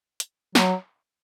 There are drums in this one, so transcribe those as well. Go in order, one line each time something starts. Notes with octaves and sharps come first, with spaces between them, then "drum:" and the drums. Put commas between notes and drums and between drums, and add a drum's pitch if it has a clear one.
drum: hi-hat
F#3, drum: snare